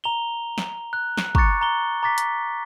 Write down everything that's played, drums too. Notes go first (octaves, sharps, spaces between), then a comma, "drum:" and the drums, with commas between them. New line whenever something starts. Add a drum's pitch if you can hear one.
A#5 F7 G7
drum: snare
F#6
drum: snare
A#5 C#6 D6 F#6 A6 C#7, drum: kick
A#5 G7
A#5 D6 A6 B6
drum: hi-hat